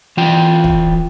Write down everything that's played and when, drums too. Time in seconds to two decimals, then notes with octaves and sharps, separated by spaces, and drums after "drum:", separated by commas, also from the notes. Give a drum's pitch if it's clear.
0.17 E3 F4 G5
0.64 drum: kick